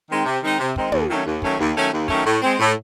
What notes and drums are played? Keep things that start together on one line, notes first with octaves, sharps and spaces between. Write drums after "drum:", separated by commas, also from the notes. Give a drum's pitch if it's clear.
D#3 G#3 C4 D#4
C3
D#3 G#3 C4 D#4
C3
D#3 G#3 C4 D#4, drum: kick
D#2, drum: tom
D#3 F#3 A3 C#4
D#2
D#3 F#3 A3 C#4, drum: kick
D#2, drum: snare
D#3 F#3 A3 C#4
D#2
D#3 F#3 A3 C#4, drum: kick
A2
G#3 C4
A2